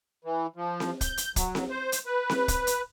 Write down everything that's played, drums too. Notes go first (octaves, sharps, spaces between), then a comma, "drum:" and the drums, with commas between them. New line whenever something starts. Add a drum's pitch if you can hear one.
E3
F3
drum: snare C4
G6, drum: kick, hi-hat
drum: hi-hat
F#3, drum: kick, hi-hat
drum: snare C4
C5
drum: hi-hat
B4
drum: snare C4
drum: kick, hi-hat
drum: hi-hat